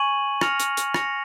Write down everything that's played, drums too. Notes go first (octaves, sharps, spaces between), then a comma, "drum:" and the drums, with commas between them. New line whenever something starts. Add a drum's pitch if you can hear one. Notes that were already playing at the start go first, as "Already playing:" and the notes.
Already playing: G#5 C#6 G#6 D#7 F#7
F6 A#6 C#7 F7, drum: rim click
drum: hi-hat
drum: hi-hat
F6 A#6 C#7 F7, drum: rim click